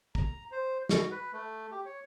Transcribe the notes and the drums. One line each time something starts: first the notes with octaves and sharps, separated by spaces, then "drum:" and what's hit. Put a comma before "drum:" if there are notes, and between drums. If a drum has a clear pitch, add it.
A#5, drum: kick
C5
F#4, drum: snare
B4
A3
G4
C#5